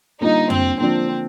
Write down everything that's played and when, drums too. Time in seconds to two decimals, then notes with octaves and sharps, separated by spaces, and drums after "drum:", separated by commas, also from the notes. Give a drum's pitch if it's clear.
0.21 D3 G3 A#3 D#4 F4
0.50 C4, drum: tom F2
0.80 D3 F3 A#3 C4 D4 F4